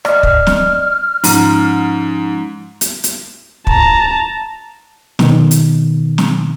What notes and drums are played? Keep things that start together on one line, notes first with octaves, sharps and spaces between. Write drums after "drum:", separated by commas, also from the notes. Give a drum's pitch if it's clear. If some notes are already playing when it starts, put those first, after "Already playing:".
D5 D#5 F6, drum: rim click
drum: kick
drum: snare
G#2 F3 C#4 A#5, drum: open hi-hat
drum: hi-hat
drum: hi-hat
A5 A#5, drum: kick
B2 D#3, drum: snare
drum: hi-hat
drum: snare